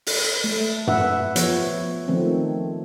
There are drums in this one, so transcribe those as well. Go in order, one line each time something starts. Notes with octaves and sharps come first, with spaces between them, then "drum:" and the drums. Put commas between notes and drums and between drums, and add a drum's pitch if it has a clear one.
drum: open hi-hat
A3
B4 E5 F#5, drum: tom
F3 B3 C#5, drum: hi-hat
D#3 F3 A3 C4